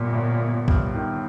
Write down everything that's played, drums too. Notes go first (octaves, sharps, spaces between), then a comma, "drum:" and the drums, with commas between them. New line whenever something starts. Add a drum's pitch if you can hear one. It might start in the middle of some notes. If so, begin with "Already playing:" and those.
Already playing: G1 G2 A#2
G1
G1
G2, drum: kick A#1
D#3